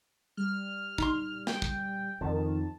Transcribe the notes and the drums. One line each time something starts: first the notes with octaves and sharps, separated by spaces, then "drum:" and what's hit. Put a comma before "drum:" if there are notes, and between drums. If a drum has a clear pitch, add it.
G3 F6
D#4 C6, drum: kick
G5, drum: snare
drum: kick
F2 D#3 A5